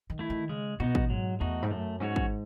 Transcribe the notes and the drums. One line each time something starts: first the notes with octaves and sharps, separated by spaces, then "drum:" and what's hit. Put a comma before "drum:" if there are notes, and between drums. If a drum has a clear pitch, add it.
D#3
A3 E4
D#3
C#3 G#3
B2 B3 D#4 F#4
drum: kick
G#2 F#3
E2 A3 D#4 F#4
G#2
F#2 A3
G#2 C#4 F#4 C#5
drum: kick